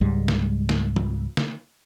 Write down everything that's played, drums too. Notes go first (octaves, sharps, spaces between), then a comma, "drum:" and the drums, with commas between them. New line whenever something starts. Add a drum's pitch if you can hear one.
C#2 G#2 G3 G#3
drum: snare
drum: snare
drum: tom
drum: snare